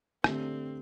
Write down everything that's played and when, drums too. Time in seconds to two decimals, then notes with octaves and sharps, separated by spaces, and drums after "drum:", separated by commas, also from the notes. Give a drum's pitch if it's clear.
0.24 D3 A3 C4 D4 G4, drum: rim click